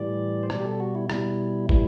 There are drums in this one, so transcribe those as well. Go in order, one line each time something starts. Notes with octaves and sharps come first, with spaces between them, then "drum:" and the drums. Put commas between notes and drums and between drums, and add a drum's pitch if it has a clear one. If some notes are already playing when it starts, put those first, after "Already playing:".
Already playing: A2 E3 G3 D5
C5
B2 G3 D5, drum: rim click
G4
A4
F#4
E4
B2 G3 E4, drum: rim click
A2 E3 G3 E4, drum: kick